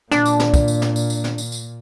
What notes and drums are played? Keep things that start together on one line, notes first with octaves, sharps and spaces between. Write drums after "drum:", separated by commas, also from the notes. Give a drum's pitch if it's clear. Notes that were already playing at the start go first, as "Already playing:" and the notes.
A#2 D4, drum: snare
drum: tambourine
drum: snare
drum: kick, tambourine
drum: tambourine
drum: snare
drum: tambourine
drum: tambourine
drum: snare
drum: tambourine
drum: tambourine